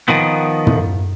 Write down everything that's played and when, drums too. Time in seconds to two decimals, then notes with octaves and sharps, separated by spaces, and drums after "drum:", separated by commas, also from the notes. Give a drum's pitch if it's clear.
0.08 D#3 F3 B3
0.67 drum: tom